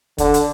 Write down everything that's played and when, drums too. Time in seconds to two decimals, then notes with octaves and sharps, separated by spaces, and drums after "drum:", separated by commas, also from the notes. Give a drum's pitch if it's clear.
0.18 D3, drum: kick, hi-hat
0.34 drum: hi-hat